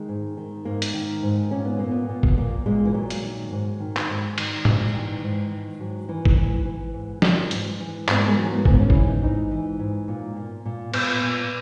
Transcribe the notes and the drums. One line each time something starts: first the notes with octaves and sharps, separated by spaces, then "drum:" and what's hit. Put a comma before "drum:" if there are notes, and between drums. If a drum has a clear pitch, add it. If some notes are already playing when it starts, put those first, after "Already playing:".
Already playing: D#3 G#3
G#2
D#3
G#2 A#3
drum: hi-hat
D#3
G#2
A#2 C#4
B3
A#2 A#3
B3
A#2
drum: kick
A#2 A#3
A#2 G#3
E3
A#2 F#3
drum: hi-hat
D#3
G#2
D#3
drum: clap
G#2
D#3, drum: cymbal
G#2, drum: tom G#2
D#3 E3
G#2
D#3
G#2 F#3
D#3 E3
drum: kick
G#2 E3
E3
G#2
E3, drum: snare
G#2, drum: hi-hat
E3
G#2 B3, drum: clap
A#3
G#3
E3 F#3
B3
A#3
G#2, drum: kick
B3
C#4
E3 E4, drum: kick
D#4
G#2 D#4
E3
G#2
A#2
A#2
A#2
A#2 B3, drum: cymbal
A#2